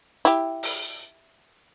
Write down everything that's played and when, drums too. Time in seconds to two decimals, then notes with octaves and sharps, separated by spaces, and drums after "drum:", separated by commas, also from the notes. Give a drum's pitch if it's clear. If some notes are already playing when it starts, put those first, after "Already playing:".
0.25 E4 G4, drum: hi-hat
0.63 drum: open hi-hat